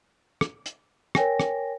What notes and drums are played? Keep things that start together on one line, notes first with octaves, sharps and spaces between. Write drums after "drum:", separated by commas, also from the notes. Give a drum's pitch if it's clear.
drum: rim click
drum: hi-hat
A#4 C#5 G5 G#5 A#6, drum: rim click
drum: rim click